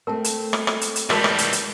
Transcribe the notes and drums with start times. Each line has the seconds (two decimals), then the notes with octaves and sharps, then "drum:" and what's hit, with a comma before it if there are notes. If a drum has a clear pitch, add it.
0.07 A3 C4 A#4 A5
0.24 drum: hi-hat
0.53 drum: rim click
0.67 drum: rim click
0.81 drum: hi-hat
0.96 drum: hi-hat
1.10 E3 G3 G#3 F#4 A#4 A5, drum: rim click
1.24 drum: rim click
1.38 drum: hi-hat
1.53 drum: hi-hat